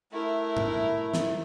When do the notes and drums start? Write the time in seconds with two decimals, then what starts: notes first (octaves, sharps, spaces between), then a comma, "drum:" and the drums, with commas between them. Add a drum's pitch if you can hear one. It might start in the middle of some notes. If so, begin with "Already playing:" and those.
0.12 A3 E4 A#4
0.57 drum: tom G#2
1.14 drum: snare